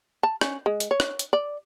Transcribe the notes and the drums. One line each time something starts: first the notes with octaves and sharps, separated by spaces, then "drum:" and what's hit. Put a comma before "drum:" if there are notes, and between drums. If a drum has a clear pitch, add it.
A5
C#4, drum: rim click
G#3
drum: hi-hat
C#5
drum: rim click
drum: hi-hat
D5